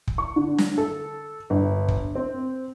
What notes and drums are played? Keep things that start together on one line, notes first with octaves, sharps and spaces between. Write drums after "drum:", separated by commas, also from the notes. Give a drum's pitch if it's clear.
drum: kick
C#6
D3
drum: snare
A4
G1
drum: kick
C4